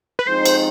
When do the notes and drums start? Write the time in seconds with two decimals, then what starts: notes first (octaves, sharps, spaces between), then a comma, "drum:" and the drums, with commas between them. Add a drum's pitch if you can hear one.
0.19 B4
0.27 F3 G#3 C4 D#4 C5
0.46 drum: cymbal